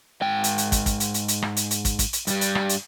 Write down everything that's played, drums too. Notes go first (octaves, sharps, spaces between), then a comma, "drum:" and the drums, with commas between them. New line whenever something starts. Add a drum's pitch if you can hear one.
G#2 G5
drum: hi-hat
drum: hi-hat
drum: kick, hi-hat
drum: kick, hi-hat
drum: hi-hat
drum: hi-hat
drum: hi-hat
drum: rim click
drum: hi-hat
drum: hi-hat
drum: kick, hi-hat
drum: kick, hi-hat
drum: hi-hat
G2 G3, drum: hi-hat
drum: hi-hat
drum: rim click
drum: hi-hat